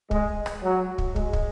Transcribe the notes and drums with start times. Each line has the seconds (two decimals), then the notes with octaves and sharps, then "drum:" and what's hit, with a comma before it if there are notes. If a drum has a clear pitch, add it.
0.11 G#3, drum: kick
0.46 drum: rim click
0.63 F#3
0.98 drum: kick
1.16 G#3, drum: kick
1.33 drum: kick